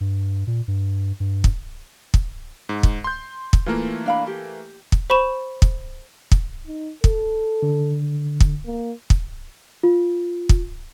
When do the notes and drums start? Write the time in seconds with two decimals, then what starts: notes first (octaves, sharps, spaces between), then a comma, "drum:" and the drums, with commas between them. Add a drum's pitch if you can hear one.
0.01 G2
0.47 A#2
0.68 G2
1.20 G2
1.44 drum: kick
2.14 drum: kick
2.69 G#2
2.83 drum: kick
3.04 C6 G6
3.53 drum: kick
3.66 E3 A3 A#3 F4 A#4
4.06 D4 F5 B5
4.27 G4
4.92 drum: kick
5.10 C5 B5 C#6 E7
5.62 drum: kick
6.32 drum: kick
6.67 D#4
7.04 A4, drum: kick
7.63 D3
8.40 drum: kick
8.66 A#3
9.10 drum: kick
9.83 F4
10.49 drum: kick